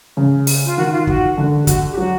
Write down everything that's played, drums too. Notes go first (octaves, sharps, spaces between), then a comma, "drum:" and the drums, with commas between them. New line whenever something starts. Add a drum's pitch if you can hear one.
C#3
drum: open hi-hat
F4
D#3 F#4
F4
F#4, drum: kick
D3
G4
F#4, drum: kick, hi-hat
G4
F#3 F#4